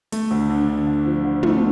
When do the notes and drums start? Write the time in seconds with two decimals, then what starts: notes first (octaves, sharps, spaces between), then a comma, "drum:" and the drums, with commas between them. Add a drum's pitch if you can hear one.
0.12 A3, drum: hi-hat
0.31 D2
0.50 D3
0.68 D3
0.87 D3
1.06 F3
1.25 D3
1.43 A3, drum: tom